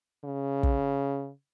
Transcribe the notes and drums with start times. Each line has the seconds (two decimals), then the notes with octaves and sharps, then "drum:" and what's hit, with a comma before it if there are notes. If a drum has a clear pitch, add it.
0.25 C#3
0.63 drum: kick